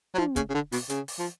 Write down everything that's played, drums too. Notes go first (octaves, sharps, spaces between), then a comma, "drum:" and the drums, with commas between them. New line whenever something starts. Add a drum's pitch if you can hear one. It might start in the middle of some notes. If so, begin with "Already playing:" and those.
F#3
F3, drum: tom
C#3, drum: kick, hi-hat
C#3
D3
B2, drum: open hi-hat
C#3, drum: hi-hat
drum: open hi-hat
F3